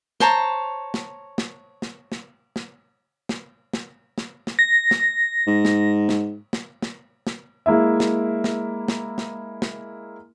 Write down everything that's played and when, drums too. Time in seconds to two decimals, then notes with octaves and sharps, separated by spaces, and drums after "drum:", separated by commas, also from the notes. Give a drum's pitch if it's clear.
0.20 C5 C#5 A5 A#5, drum: snare
0.94 drum: snare
1.38 drum: snare
1.82 drum: snare
2.12 drum: snare
2.56 drum: snare
3.29 drum: snare
3.73 drum: snare
4.18 drum: snare
4.47 drum: snare
4.59 A#6
4.91 drum: snare
5.47 G#2
5.65 drum: snare
6.09 drum: snare
6.53 drum: snare
6.82 drum: snare
7.27 drum: snare
7.66 G#3 A#3 E4 E5
8.00 drum: snare
8.44 drum: snare
8.88 drum: snare
9.18 drum: snare
9.62 drum: snare